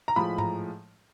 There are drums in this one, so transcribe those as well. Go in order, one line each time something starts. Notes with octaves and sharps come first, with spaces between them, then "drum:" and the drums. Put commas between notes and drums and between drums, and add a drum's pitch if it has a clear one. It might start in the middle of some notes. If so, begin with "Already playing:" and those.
A#5
A2 F3 G#3 B5
A#5, drum: tom G#2